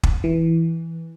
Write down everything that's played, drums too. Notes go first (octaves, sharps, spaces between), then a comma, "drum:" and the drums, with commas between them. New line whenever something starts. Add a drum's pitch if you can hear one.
drum: kick
E3